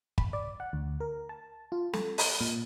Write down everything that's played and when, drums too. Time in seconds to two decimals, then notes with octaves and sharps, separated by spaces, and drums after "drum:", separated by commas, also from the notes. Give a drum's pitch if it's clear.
0.18 B5, drum: kick
0.33 D5
0.60 F#5
0.73 D2
1.00 A#4
1.29 A5
1.72 F4
1.93 A4, drum: snare
2.18 B5, drum: open hi-hat
2.41 A#2